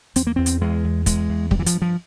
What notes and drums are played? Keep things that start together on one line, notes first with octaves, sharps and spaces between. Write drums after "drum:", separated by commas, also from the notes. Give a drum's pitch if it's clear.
E2 C4, drum: hi-hat
A#3
E2 C4
drum: hi-hat
E2 G#3
E2
E2 G#3, drum: kick, hi-hat
E2
G2 G3, drum: kick
E3
F3, drum: hi-hat
G2
F3